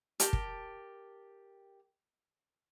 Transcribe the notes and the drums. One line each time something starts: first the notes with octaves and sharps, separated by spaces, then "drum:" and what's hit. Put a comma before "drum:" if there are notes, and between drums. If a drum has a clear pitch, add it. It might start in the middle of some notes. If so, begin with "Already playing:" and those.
G4 A#4 G5 A5, drum: hi-hat
drum: kick